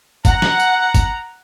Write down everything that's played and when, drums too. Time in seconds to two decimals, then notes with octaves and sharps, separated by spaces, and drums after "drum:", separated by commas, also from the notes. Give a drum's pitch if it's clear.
0.25 F#5 A#5, drum: kick, tambourine
0.42 drum: snare
0.60 drum: tambourine
0.94 drum: kick, tambourine